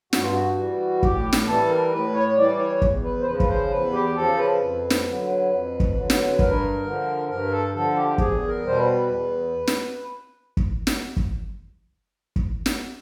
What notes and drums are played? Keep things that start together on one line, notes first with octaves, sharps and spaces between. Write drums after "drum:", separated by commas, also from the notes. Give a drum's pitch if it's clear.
G2 F#4, drum: snare
F4
F#4
E3 G3
A2 G4, drum: kick
drum: snare
E3 G3 A4
A#4
A2 B4
C#5
E3 G3 D5
C#5
E2, drum: kick
B4
C5
C#3 F3 B4
B4, drum: kick
C5
E2 B4
G4
C#3 F3 A4
B4
F2
drum: snare
D3 F#3
F2
drum: kick
D3 F#3
drum: snare
G2 A#4, drum: kick
D3 F3
G2 A#4
A4
D3 F3 A4
G4
E2 G#4, drum: kick
A#4
B2 G3 C5
B4
E2
drum: snare
drum: kick
drum: snare
drum: kick
drum: kick
drum: snare